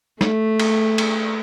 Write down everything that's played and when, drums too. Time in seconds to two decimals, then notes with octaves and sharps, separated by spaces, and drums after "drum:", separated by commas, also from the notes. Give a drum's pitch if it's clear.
0.21 A3, drum: snare
0.60 drum: cymbal
0.98 drum: cymbal